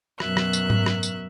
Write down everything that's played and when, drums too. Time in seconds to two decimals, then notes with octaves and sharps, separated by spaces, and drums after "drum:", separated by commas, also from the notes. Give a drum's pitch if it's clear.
0.20 F#2 B2 F#3 A#4 E5 F#6, drum: rim click
0.37 drum: rim click
0.53 drum: tambourine
0.70 drum: tom G#2
0.86 drum: rim click
1.03 drum: tambourine